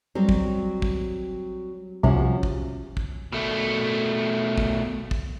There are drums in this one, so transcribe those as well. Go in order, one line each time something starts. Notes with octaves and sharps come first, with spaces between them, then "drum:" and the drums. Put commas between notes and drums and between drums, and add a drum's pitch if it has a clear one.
F#3 G3 C4
drum: kick
drum: kick
C2 F3 C#4 F#4
drum: kick
drum: kick
B2 A3
drum: kick
drum: kick